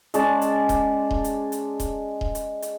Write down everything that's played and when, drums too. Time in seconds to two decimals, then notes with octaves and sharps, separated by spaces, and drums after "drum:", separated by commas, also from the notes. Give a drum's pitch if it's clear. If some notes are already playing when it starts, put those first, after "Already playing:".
0.14 G#3 C#4 D5 A5, drum: hi-hat
0.42 drum: hi-hat
0.69 drum: kick D#1, hi-hat
1.11 drum: kick D#1
1.24 drum: hi-hat
1.52 drum: hi-hat
1.80 drum: kick D#1, hi-hat
2.21 drum: kick D#1
2.35 drum: hi-hat
2.62 drum: hi-hat